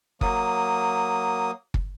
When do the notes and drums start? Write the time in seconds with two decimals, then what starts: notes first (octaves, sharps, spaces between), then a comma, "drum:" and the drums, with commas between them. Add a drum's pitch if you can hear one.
0.21 F#3 A#3 D#6, drum: kick
1.74 drum: kick